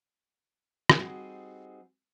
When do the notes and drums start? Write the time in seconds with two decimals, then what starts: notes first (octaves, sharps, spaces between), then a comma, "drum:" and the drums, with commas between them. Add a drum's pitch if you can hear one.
0.90 drum: rim click
0.99 G3 C4 D#4 F#4 G#4